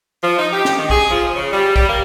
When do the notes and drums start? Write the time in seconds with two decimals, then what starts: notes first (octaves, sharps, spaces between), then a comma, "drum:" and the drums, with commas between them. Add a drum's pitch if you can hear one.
0.22 F3
0.38 D#4
0.53 G4
0.65 drum: snare
0.78 D#3
0.90 G#4, drum: kick
1.10 F3
1.35 C#3
1.51 G3
1.76 G3, drum: kick
1.88 A#3